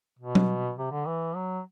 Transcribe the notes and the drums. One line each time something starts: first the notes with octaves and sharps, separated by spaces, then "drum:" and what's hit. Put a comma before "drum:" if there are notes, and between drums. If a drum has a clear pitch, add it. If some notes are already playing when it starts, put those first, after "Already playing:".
B2
drum: tom F#3
C3
D3
E3
F#3